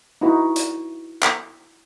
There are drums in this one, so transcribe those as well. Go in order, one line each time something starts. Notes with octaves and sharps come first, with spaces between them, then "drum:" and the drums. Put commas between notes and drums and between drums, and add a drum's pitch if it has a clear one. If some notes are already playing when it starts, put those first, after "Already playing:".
D#4 E4 F#4 B4
drum: hi-hat
drum: clap